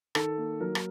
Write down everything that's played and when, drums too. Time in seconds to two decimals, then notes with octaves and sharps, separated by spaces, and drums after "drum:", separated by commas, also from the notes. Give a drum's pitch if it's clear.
0.15 D#3 A4, drum: rim click
0.37 A#3
0.60 F#3 A#4
0.75 drum: rim click